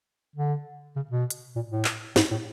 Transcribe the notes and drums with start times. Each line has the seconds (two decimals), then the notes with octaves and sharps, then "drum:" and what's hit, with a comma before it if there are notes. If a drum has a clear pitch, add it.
0.36 D3
0.96 C#3
1.11 B2
1.30 drum: hi-hat
1.56 A#2
1.71 A2
1.85 drum: clap
2.16 G#2, drum: snare
2.31 A2